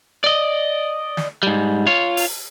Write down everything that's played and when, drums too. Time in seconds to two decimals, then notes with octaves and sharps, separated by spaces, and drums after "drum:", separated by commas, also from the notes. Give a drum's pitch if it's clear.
0.24 D5 D#5
1.17 drum: snare
1.43 G#2 G3
1.87 F4 C#5
2.17 drum: open hi-hat